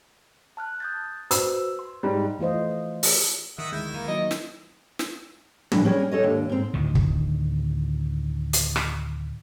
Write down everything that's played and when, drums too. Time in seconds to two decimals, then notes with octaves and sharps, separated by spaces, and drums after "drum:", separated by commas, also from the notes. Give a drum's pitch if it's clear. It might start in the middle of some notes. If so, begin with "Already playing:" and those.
0.57 A5 F6 F#6
0.80 D#6 G6 A6
1.31 F#4 B4 C5 E6, drum: hi-hat
1.79 C6
2.03 G#2 G3
2.39 E3 A3 F4 C5 D#5
3.03 drum: open hi-hat
3.58 D#3 D#5 E5 F#5
3.72 D2 G#3 E4 G6
3.94 D#3 A#3
4.08 F#3 A#3 D#4 D#5
4.31 drum: snare
4.99 drum: snare
5.72 D#2 A2 E3 D4, drum: tom
5.85 G3 C#4 D4 G#4 A#4 C#5
6.11 A4 C#5 D#5
6.23 D#2 G#2 D4
6.49 G#2 C4
6.74 D2 A2 D#3
6.95 drum: kick
8.53 drum: hi-hat
8.76 drum: rim click